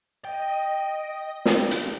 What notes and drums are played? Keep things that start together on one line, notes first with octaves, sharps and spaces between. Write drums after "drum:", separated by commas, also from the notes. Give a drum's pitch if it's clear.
D#5 G5
drum: snare
drum: hi-hat